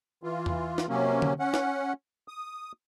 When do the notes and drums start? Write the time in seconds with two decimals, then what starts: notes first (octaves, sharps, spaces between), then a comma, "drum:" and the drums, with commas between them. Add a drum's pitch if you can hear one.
0.23 E3 F4
0.46 drum: tom E2
0.78 drum: snare
0.89 C3 F#3 A#3 C#4
1.22 drum: tom D3
1.39 C#4 F#5
1.54 drum: snare
2.28 D#6